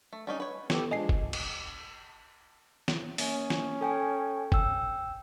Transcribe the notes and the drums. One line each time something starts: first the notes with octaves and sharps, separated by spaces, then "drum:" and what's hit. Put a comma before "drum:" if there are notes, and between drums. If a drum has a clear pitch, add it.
A3
G3 C#4 D#4
B4 C#5
B3 G4 A4 C#5, drum: snare
F3 G#3 D4 D#5 G#5 C7
drum: kick
drum: cymbal
drum: snare
A#3 C#4, drum: open hi-hat
drum: snare
A4 G5 G#5
G5 E6, drum: kick